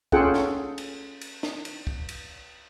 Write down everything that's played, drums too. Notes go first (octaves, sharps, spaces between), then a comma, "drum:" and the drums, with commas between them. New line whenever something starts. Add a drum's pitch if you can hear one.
C#4 F4 G#4 A4 F#5 G5, drum: kick
drum: snare
drum: cymbal
drum: cymbal
drum: snare
drum: cymbal
drum: kick
drum: cymbal